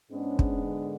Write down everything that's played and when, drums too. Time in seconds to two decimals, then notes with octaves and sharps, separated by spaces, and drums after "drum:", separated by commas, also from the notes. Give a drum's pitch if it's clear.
0.11 G#2 G#3 B3 C#4 D4
0.39 drum: kick
0.66 D3